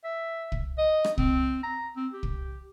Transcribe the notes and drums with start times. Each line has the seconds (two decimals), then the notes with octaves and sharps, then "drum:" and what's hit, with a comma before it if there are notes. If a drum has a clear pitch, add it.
0.05 E5
0.52 drum: kick
0.78 D#5
1.04 drum: rim click
1.18 C4, drum: kick
1.63 A#5
1.96 C4
2.13 G4
2.23 drum: kick